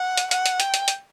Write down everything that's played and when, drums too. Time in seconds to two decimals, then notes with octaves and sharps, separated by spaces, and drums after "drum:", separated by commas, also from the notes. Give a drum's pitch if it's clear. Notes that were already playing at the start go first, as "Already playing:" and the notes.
Already playing: F#5
0.17 drum: hi-hat
0.31 F#5, drum: hi-hat
0.46 drum: hi-hat
0.60 G5, drum: hi-hat
0.74 drum: hi-hat
0.88 drum: hi-hat